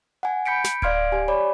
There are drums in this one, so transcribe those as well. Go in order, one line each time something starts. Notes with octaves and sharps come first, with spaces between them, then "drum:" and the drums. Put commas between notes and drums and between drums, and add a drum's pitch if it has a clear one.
F#5 G#5
B5 G6 B6 C#7 D7
drum: snare
D5 F5 C6 F6 G#6 D7, drum: kick D1
G4 G#5
C#5 D5 B5